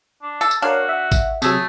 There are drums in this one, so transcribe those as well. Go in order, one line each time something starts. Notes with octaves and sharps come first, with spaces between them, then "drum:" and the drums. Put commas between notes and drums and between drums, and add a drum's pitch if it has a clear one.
D4
A4
drum: tambourine
D4 F#4 A#4 C#5 F5
E5 F#5
drum: kick, tambourine
C3 F#3 A3 G#4 A4, drum: tambourine